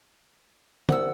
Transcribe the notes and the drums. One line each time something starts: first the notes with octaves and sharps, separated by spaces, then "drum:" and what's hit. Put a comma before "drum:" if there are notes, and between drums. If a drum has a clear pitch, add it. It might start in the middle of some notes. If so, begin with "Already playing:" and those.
C2 F#5 D#6 E6, drum: tom